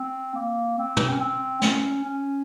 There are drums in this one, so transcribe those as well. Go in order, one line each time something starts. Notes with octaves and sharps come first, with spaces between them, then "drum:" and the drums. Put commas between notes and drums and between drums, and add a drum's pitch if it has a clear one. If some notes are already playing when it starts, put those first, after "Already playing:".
Already playing: C4
A#3
C4
drum: tom
C#4
C4
C#4, drum: snare
C#4